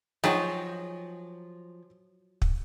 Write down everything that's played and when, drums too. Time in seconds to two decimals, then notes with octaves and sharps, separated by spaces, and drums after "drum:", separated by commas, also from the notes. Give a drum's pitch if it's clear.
0.24 F3 F#3 D#4 G#4 G5, drum: rim click
2.42 drum: kick